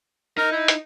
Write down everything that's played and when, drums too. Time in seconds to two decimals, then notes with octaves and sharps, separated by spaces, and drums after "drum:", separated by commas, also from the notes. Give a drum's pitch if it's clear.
0.37 D#4 A#4
0.52 E4
0.68 drum: hi-hat